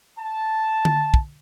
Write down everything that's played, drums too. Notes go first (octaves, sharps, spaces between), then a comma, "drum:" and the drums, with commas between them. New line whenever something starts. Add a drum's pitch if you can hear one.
A5
drum: tom D3
drum: kick